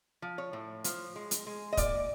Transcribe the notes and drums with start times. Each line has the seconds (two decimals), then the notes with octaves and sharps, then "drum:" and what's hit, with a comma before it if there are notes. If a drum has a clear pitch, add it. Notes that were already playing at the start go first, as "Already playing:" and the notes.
0.22 F3
0.38 C#5
0.53 A2
0.84 F3, drum: hi-hat
1.16 G#3
1.31 drum: hi-hat
1.47 G#3
1.73 D#5
1.77 A#2 D5, drum: kick, hi-hat